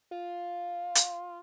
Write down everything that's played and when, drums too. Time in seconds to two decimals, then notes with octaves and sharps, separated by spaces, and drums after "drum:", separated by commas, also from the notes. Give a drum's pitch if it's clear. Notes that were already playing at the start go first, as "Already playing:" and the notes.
0.11 F4
0.95 drum: hi-hat